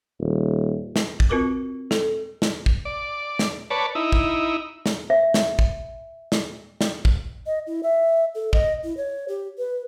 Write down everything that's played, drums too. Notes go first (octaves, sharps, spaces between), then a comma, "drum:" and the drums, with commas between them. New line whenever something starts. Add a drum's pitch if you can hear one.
D#1
drum: snare
drum: kick
C4 F4 F#4 A#4 B4 D6
A4, drum: snare
drum: snare
drum: kick
D5
drum: snare
B4 C#5 D5 A5
D#4 E4
drum: kick
drum: snare
E5
drum: snare
drum: kick
drum: snare
drum: snare
drum: kick
D#5
E4
E5
A4
D#5, drum: kick
E4
C#5
G4
B4